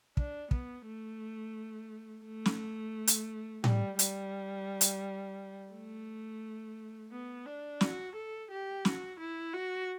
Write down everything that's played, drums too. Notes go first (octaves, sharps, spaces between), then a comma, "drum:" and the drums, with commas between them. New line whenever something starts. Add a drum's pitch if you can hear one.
D4, drum: kick
B3, drum: kick
A3
A3
drum: snare
drum: hi-hat
G3, drum: tom A2
G3, drum: hi-hat
drum: hi-hat
A3
B3
D4
F#4, drum: snare
A4
G4
F#4, drum: snare
E4
F#4